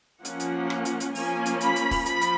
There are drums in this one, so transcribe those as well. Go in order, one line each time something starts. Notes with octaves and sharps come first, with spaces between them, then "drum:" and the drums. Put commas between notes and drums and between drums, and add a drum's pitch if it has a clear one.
F3 A#3 C#4 F#5, drum: hi-hat
drum: hi-hat
drum: rim click
drum: hi-hat
drum: hi-hat
F3 A#3 C#4 G#5, drum: open hi-hat
drum: hi-hat
B5, drum: hi-hat
drum: hi-hat
drum: kick, open hi-hat
F3 B5, drum: hi-hat
drum: hi-hat